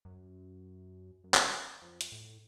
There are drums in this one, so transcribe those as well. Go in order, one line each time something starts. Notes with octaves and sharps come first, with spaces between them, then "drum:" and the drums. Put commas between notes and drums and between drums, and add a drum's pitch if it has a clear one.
F#2
F#2
drum: clap
F2
drum: hi-hat
A2